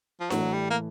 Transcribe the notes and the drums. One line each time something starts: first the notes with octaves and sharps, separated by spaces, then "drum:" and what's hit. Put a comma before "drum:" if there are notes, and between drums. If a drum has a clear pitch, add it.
F3
A2 E3 F#3 A3, drum: snare D4
G3
A#3